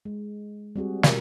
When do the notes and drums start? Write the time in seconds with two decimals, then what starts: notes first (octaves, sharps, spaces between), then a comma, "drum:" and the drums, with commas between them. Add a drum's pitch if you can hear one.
0.05 G#3
0.76 G3 C4 F#4 G#4
1.03 B2 F4 A#4, drum: snare